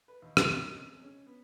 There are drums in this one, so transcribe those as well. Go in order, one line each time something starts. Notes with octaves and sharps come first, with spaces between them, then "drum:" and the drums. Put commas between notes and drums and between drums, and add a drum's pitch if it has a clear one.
B4
D#2
D3, drum: rim click
D#4
C#4
C3
G#3
C#4
B3